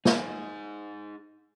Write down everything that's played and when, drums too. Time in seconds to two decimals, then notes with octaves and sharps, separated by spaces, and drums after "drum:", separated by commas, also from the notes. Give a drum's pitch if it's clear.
0.05 D#4 G#4, drum: snare